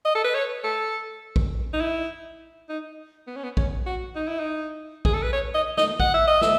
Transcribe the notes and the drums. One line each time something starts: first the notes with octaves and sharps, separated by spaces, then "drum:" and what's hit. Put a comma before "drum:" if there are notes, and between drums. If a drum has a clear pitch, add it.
D#5
A4
B4
C#5
A4
drum: kick A#1
D#4
E4
D#4
B3
C#4
B3
C#4, drum: kick A#1
F#4
D#4
E4
D#4
G#4, drum: kick A#1
A4
B4
C#5
D#5
D#5, drum: snare
F#5, drum: kick A#1
E5
D#5
E5, drum: snare